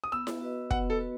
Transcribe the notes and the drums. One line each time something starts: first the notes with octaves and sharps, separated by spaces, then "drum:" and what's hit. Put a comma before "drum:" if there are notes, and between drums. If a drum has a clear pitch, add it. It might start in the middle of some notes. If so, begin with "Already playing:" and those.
D#6
B3 E6
drum: snare E4
F#4 B4 D#5
B3 F#5, drum: kick
A4
F#4 B4